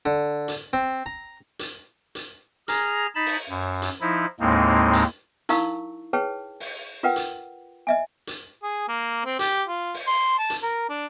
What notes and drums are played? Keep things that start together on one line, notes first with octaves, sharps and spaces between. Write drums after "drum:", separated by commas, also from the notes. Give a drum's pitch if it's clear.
D3
drum: hi-hat
C4
A#5
drum: hi-hat
drum: hi-hat
G#4 A#5 F6, drum: hi-hat
D#4 A5 B5
drum: open hi-hat
F#2
drum: hi-hat
F3 D#4 E4
D#2 A2 G#3 A#3 C4 D#4
drum: hi-hat
D#4 E4 A#4 F5 C#6 E6, drum: hi-hat
G#4 B4 C#5 G5 A5
drum: open hi-hat
F4 A#4 B4 F#5 G5
drum: hi-hat
D#5 E5 G#5
drum: hi-hat
G#4
A#3
C4
G4, drum: hi-hat
F4
drum: open hi-hat
C6
A5
drum: hi-hat
A#4
D4